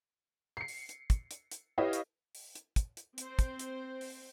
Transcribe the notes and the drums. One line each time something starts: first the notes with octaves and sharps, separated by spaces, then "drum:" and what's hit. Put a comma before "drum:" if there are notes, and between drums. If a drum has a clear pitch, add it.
C7 C#7
drum: open hi-hat
drum: hi-hat
drum: kick, hi-hat
drum: hi-hat
drum: hi-hat
E4 G4 B4 C#5 D#5 F5
drum: hi-hat
drum: open hi-hat
drum: hi-hat
drum: kick, hi-hat
drum: hi-hat
C4 C5, drum: hi-hat
drum: kick, hi-hat
drum: hi-hat
drum: open hi-hat